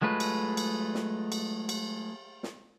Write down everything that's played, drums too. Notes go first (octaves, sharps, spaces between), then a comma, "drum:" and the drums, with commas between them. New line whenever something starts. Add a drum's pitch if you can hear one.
F#3 G#3 A3 F4 B4
drum: cymbal
drum: cymbal
drum: snare
drum: cymbal
drum: cymbal
drum: snare